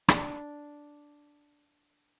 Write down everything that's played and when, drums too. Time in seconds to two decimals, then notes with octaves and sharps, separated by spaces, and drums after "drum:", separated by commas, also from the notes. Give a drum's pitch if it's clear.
0.08 D4, drum: rim click